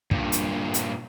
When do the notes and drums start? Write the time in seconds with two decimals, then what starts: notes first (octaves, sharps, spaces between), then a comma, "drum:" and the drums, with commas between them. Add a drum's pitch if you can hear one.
0.11 G2 A#2, drum: kick
0.32 drum: hi-hat
0.74 drum: hi-hat